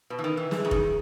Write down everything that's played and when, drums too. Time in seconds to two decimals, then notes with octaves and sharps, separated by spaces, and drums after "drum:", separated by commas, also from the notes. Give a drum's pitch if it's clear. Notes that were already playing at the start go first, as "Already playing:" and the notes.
0.10 B2 B4
0.19 E3
0.24 D#3
0.31 B4
0.37 E3
0.51 E3 G#4, drum: snare
0.65 C#3
0.71 D#3 G#4, drum: kick